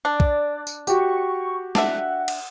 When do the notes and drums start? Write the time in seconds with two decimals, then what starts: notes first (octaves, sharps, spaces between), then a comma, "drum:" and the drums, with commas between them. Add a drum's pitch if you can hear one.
0.05 D4 D5
0.20 drum: kick
0.67 drum: tambourine
0.87 F#4 G4 C#6, drum: tambourine
1.75 D4 E5 F#5, drum: snare
2.28 drum: cymbal